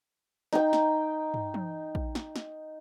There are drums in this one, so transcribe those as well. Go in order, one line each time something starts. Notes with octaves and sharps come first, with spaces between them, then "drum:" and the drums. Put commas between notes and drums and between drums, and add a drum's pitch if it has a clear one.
D#4 G5, drum: snare
drum: snare
drum: tom
drum: tom
drum: kick
drum: snare
drum: snare